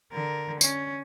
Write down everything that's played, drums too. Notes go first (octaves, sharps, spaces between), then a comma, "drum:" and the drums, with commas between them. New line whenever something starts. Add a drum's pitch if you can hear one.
D3 A#4
C#4, drum: tambourine